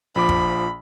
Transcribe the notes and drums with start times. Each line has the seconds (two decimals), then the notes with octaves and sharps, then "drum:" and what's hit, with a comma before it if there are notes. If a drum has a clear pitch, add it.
0.15 A#1 F3 B5 D6
0.29 drum: kick